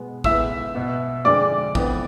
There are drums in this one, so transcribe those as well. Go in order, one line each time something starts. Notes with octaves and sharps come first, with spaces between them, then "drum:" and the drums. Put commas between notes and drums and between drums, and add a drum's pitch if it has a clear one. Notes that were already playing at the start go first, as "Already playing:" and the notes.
Already playing: B2 G#3 B3
A2 G#3 B3 E5 E6, drum: kick
B2 B3
F2 D3 G#3 D5 D6
F2 E3 B3, drum: kick